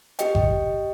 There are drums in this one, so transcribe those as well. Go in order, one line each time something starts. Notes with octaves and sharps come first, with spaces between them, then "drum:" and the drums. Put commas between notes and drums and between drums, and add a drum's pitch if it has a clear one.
G4 D#5 G5, drum: hi-hat
drum: kick G1